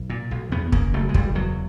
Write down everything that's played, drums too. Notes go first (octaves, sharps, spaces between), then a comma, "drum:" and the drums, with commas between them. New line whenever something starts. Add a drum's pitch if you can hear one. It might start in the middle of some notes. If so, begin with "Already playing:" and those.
Already playing: B1
A#2
B1
E2 B3
C#3 A#3, drum: kick
F#1 A3
G#3
F#1 G3, drum: kick
E2 F#3